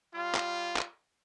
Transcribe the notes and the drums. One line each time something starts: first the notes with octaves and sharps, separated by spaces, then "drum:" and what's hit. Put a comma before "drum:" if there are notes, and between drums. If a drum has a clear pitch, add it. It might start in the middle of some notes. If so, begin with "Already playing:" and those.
G3 F4
drum: clap
drum: clap